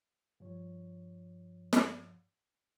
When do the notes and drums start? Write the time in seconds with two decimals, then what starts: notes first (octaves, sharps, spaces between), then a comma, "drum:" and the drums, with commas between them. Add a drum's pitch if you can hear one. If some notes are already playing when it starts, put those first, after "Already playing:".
0.40 G2 F3 C#5
1.73 drum: snare